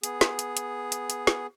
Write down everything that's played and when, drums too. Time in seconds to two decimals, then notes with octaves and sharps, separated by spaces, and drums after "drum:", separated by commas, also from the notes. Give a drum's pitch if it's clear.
0.03 B3 G#4, drum: hi-hat
0.21 drum: snare
0.39 drum: hi-hat
0.57 drum: hi-hat
0.92 drum: hi-hat
1.10 drum: hi-hat
1.27 drum: snare